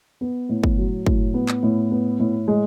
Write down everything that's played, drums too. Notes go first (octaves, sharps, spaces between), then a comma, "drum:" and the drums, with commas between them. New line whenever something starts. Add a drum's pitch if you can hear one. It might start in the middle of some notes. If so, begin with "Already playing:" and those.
B3
A2
drum: kick
F#3
A2, drum: kick
B3
drum: clap
A2
B3
A2
G#3